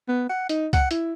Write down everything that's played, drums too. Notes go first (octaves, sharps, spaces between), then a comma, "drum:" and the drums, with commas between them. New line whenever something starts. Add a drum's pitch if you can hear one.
B3
F#5
D#4, drum: hi-hat
F#5, drum: kick C2, hi-hat
E4, drum: hi-hat